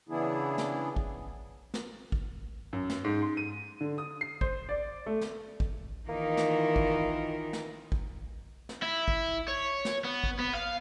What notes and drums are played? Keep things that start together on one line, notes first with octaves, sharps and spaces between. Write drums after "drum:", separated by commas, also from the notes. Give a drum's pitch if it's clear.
C#3 E3 B3 D4 E4 G#4
drum: snare
drum: kick
drum: snare
drum: kick
F#2
drum: snare
G#2
C6
D#7
D3
D#6
C7
C5, drum: kick
D5
A3
drum: snare
drum: kick
D#3 E3 A#3 D#4 F4 A#4
drum: snare
drum: kick
drum: snare
drum: kick
drum: snare
E4
drum: kick
C#5
drum: snare
B3
drum: kick
B3
F5